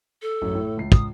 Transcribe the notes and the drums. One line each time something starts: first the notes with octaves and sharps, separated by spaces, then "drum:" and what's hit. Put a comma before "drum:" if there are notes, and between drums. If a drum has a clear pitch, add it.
A4
A1 F#2
A2
C#2 C7
D#6, drum: kick